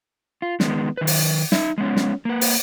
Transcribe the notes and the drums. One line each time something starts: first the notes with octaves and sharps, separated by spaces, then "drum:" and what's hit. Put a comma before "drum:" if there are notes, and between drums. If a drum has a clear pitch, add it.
F4
D#3 G#3 B3, drum: snare
D#3 B4
drum: open hi-hat
D#4 E5, drum: snare
G#3 B3 C#4
drum: snare
A#3 B4
drum: open hi-hat